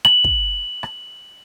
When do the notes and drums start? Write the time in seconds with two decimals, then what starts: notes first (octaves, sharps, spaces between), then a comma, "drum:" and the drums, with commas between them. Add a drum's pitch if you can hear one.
0.05 F#7, drum: rim click
0.24 drum: kick
0.83 drum: rim click